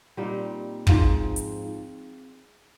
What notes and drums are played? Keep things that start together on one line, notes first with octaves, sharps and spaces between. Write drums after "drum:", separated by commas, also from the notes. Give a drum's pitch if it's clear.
A#2 G3 C4 D#4
G#2 F3 C4, drum: kick
drum: hi-hat